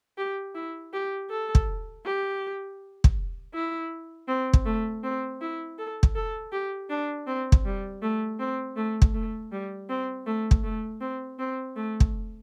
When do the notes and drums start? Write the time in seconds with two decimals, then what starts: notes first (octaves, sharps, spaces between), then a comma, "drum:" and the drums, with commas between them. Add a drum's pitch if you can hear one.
0.18 G4
0.55 E4
0.93 G4
1.30 A4
1.55 drum: kick
2.05 G4
3.04 drum: kick
3.54 E4
4.28 C4
4.53 drum: kick
4.66 A3
5.04 C4
5.41 E4
5.78 A4
6.03 drum: kick
6.15 A4
6.52 G4
6.90 D4
7.27 C4
7.52 drum: kick
7.65 G3
8.02 A3
8.39 C4
8.76 A3
9.02 drum: kick
9.14 A3
9.52 G3
9.89 C4
10.26 A3
10.51 drum: kick
10.64 A3
11.01 C4
11.39 C4
11.76 A3
12.00 drum: kick